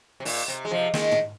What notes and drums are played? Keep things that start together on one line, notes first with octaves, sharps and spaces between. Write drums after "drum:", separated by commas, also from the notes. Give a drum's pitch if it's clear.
C3
A#2, drum: open hi-hat
C3
G#3
C3 F3
D#3 G#3, drum: snare
drum: tom